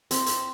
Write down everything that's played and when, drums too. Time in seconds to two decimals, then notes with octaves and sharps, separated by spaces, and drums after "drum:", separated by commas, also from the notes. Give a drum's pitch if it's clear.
0.11 C4, drum: hi-hat
0.26 drum: hi-hat